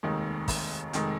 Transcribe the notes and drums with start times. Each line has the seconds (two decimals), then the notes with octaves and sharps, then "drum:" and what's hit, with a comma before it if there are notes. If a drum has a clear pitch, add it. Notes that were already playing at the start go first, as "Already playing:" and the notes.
0.03 F1 D#2 D#3 G#3
0.48 drum: kick, open hi-hat
0.93 F1 D#3 G#3, drum: hi-hat